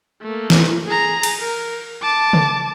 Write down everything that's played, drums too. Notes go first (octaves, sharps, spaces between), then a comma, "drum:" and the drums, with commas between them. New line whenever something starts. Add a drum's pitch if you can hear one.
A3 A#3
drum: snare
G#4 A#5
drum: cymbal
A#4
A5 D6
drum: tom C#3